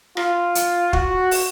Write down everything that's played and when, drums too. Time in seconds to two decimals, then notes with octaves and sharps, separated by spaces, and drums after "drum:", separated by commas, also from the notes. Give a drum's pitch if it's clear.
0.17 F4, drum: rim click
0.55 drum: hi-hat
0.93 F#4, drum: kick
1.31 drum: open hi-hat